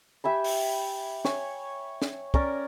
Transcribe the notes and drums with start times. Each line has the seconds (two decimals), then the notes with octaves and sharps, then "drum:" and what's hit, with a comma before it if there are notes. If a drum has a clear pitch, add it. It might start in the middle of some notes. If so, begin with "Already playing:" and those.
0.24 G4 E5 G#5 B5
0.44 drum: open hi-hat
1.25 C#5 G#5, drum: snare
2.02 drum: snare
2.34 C#4 A#4 D5, drum: kick